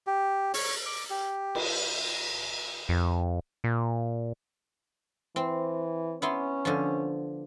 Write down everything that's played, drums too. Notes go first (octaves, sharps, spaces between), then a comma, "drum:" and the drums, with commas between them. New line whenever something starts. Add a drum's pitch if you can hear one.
G4
C#5, drum: open hi-hat
D6
G4
drum: cymbal
F2
A#2
E3 C4
B3 C#4 E4 C6
D3 F3